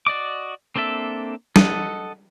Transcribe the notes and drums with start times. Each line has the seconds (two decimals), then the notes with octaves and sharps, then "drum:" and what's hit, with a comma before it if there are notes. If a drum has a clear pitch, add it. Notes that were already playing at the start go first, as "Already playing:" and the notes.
0.07 F#4 D5 D#5 D6
0.76 A#3 C4 D4 A4 E5
1.56 A4 D#5 F#5, drum: snare